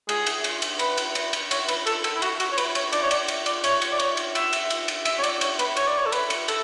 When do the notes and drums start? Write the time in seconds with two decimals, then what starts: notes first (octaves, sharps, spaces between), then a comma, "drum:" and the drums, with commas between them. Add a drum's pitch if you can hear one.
0.09 G#4, drum: cymbal
0.27 drum: cymbal
0.44 drum: cymbal
0.62 drum: cymbal
0.79 B4, drum: cymbal
0.98 drum: cymbal
1.15 drum: cymbal
1.33 drum: cymbal
1.51 C#5, drum: cymbal
1.69 B4, drum: cymbal
1.87 A4, drum: cymbal
2.04 A4, drum: cymbal
2.16 E4
2.22 F#4, drum: cymbal
2.40 F#4, drum: cymbal
2.52 C#5
2.58 B4, drum: cymbal
2.75 C#5, drum: cymbal
2.93 D5, drum: cymbal
3.03 C#5
3.11 D5, drum: cymbal
3.28 drum: cymbal
3.46 D5, drum: cymbal
3.64 C#5, drum: cymbal
3.82 drum: cymbal
3.92 D5
3.99 C#5, drum: cymbal
4.17 drum: cymbal
4.35 E5, drum: cymbal
4.53 drum: cymbal
4.70 drum: cymbal
4.88 drum: cymbal
5.05 E5, drum: cymbal
5.19 C#5
5.24 D5, drum: cymbal
5.41 C#5, drum: cymbal
5.59 B4, drum: cymbal
5.77 C#5, drum: cymbal
5.88 D5
5.98 C#5
6.06 A4
6.12 B4, drum: cymbal
6.30 drum: cymbal
6.48 A4, drum: cymbal